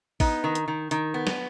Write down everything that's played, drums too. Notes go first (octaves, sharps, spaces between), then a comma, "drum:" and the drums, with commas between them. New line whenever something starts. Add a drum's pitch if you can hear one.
B3 D#4, drum: kick, open hi-hat
D#3
drum: hi-hat
D#3
D#3, drum: hi-hat
B3
drum: snare